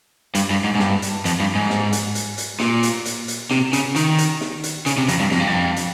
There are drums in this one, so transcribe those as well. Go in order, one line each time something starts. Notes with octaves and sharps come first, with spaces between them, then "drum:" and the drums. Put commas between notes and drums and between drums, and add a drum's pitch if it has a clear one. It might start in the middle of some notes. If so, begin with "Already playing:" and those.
G2, drum: hi-hat
G2
G#2
G#2
G2, drum: snare
drum: hi-hat
F2, drum: hi-hat
G2
G#2
drum: snare
drum: hi-hat
drum: hi-hat
drum: hi-hat
A#2, drum: snare
drum: hi-hat
drum: hi-hat
drum: hi-hat
C3, drum: snare
C#3, drum: hi-hat
D#3, drum: hi-hat
drum: hi-hat
drum: snare
drum: hi-hat
C#3, drum: hi-hat
C3
F2, drum: hi-hat
G2
F2, drum: snare
G2
F2
drum: hi-hat